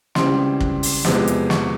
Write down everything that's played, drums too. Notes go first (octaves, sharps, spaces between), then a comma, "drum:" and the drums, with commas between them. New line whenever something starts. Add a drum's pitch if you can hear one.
C#2 C#3 E3 G3 C4 C6, drum: snare
drum: kick
drum: open hi-hat
E2 C3 F3 G#3 B3, drum: snare
drum: hi-hat
C#6, drum: snare